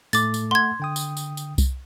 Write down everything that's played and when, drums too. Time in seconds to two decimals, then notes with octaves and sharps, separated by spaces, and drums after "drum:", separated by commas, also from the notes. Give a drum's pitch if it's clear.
0.13 A2 A3 A4 D6 A6, drum: tambourine
0.34 drum: tambourine
0.51 A3 F#5 C6 G#6
0.80 D3 G5 D#6
0.96 drum: tambourine
1.17 drum: tambourine
1.37 drum: tambourine
1.58 drum: kick C2, tambourine